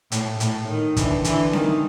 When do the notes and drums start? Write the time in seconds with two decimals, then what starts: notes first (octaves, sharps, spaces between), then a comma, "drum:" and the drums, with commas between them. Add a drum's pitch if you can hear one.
0.12 A2, drum: hi-hat
0.40 A2, drum: hi-hat
0.68 D#3
0.97 D3 E3, drum: kick, hi-hat
1.24 D3 E3, drum: hi-hat
1.53 D#3, drum: snare C4